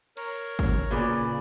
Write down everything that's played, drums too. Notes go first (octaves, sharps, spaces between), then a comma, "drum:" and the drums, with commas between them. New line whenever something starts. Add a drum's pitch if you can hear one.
A#4 C#5, drum: cymbal
drum: kick
A#2 C#3 G#4 B4 D5